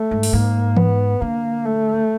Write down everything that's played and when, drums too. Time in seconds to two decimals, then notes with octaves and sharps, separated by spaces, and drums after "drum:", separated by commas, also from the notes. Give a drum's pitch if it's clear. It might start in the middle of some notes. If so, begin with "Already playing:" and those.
Already playing: A3
0.11 G#2
0.23 drum: open hi-hat
0.33 G#2 A#3
0.77 B3, drum: tom E3
1.21 D3 A#3
1.65 A3